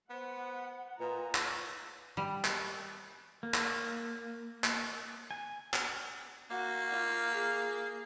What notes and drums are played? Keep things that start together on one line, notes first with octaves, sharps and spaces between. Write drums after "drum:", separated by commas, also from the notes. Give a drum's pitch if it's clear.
B3 C5 F#5
A#2 F4 B4 D#5 A#5
drum: clap
G3
drum: clap
A#3
drum: clap
drum: clap
G#5
drum: clap
A#3 F#4
F4
G#4